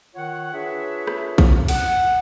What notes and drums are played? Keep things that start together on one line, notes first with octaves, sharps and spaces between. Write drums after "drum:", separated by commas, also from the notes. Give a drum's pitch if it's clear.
D#3 F4 C#5 F#5
D4 F4 G#4 B4 C#5 E5
drum: rim click
drum: kick A1
F#5, drum: cymbal